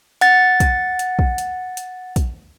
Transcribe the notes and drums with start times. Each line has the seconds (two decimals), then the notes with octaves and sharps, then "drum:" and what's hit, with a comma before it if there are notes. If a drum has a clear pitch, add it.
0.21 F#5 A6, drum: hi-hat
0.60 drum: kick, hi-hat
0.99 drum: hi-hat
1.19 drum: kick
1.38 drum: hi-hat
1.77 drum: hi-hat
2.16 drum: kick, hi-hat